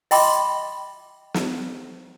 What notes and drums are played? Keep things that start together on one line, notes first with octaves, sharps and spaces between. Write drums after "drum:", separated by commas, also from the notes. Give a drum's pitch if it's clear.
D#5 E5 G5 B5 C6 D6, drum: open hi-hat
drum: snare